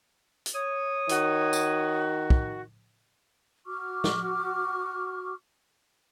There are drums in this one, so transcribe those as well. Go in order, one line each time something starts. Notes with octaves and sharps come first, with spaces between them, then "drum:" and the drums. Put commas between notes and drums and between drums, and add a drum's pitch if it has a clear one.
drum: hi-hat
C#5 D#6
D#3 F#4, drum: hi-hat
drum: tambourine
drum: kick
F#4 C#6 D6 F6
drum: snare